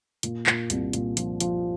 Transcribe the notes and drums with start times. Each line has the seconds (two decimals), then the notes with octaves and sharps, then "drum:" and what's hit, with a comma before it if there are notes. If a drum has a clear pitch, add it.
0.23 A#2, drum: hi-hat
0.46 A#2, drum: clap
0.70 C2, drum: hi-hat
0.93 A#2, drum: hi-hat
1.17 F3, drum: hi-hat
1.40 F3, drum: hi-hat